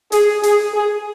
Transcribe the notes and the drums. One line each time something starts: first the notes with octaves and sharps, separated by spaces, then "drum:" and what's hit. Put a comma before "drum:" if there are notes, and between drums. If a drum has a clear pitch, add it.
G#4, drum: hi-hat
G#4, drum: hi-hat
G#4